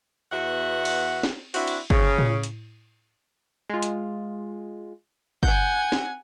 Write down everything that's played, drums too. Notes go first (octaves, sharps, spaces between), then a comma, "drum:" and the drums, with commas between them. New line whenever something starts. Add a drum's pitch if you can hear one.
E2 B3 F#4 E5 F#5
drum: cymbal
drum: snare
C4 D4 E4 F#4, drum: open hi-hat
drum: cymbal
C#3, drum: kick G1
drum: tom A2
drum: hi-hat
G#3 F4
drum: hi-hat
F#5 G#5 G6, drum: kick G1
drum: snare